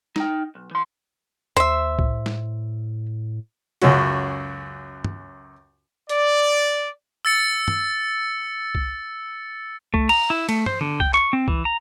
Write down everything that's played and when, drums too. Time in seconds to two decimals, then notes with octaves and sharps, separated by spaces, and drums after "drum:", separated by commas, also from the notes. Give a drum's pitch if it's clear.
0.16 D#4 G5, drum: snare
0.55 B1
0.71 E3 C6
1.57 D#2 C5 E5
1.99 A2, drum: kick C2
2.26 drum: snare
3.82 C#2 F#2 C#4 F#4, drum: cymbal
5.04 drum: tom
6.09 D5, drum: hi-hat
7.25 E6 A6 C#7
7.68 drum: tom
8.75 drum: kick C2
9.94 A3, drum: kick C2
10.09 A#5, drum: cymbal
10.30 E4
10.49 A3, drum: cymbal
10.66 C5, drum: tom
10.81 D3, drum: tom
11.00 G5, drum: kick C2
11.14 C#6, drum: clap
11.33 C4
11.48 E3, drum: kick C2
11.65 A#5